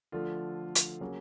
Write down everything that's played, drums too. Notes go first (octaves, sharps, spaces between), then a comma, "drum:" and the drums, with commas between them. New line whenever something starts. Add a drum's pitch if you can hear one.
D3 F3 A3 F4
drum: hi-hat
C#3 F#3 A#3 C#4